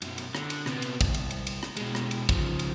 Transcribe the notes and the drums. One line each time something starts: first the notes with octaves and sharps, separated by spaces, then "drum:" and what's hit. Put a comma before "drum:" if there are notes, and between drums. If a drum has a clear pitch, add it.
F#2 B2, drum: cymbal
drum: cymbal
D3, drum: rim click
drum: cymbal
C3 B3, drum: rim click
drum: cymbal
C2, drum: kick, cymbal
drum: cymbal
drum: cymbal
drum: cymbal
drum: rim click
B2 G#3, drum: cymbal
drum: rim click
drum: cymbal
C#3 F3, drum: kick, cymbal
drum: cymbal